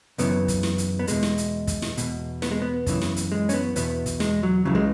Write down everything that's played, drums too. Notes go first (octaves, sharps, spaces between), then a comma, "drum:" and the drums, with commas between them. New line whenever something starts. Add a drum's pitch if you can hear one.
F#2 C#3 E3 B3, drum: hi-hat
drum: kick, hi-hat
drum: snare
drum: hi-hat
B3
E2 B2 G#3, drum: hi-hat
drum: snare
drum: hi-hat
drum: kick, hi-hat
drum: snare
E2 B2, drum: hi-hat
B3, drum: snare
G#3
B3
F#2 C#3 E3, drum: kick, hi-hat
drum: snare
drum: hi-hat
G#3
C#4, drum: hi-hat
B3
E2 B2 B3, drum: hi-hat
drum: kick, hi-hat
G#3, drum: snare
F#3
C#2 C#3 E3 F#3
G#3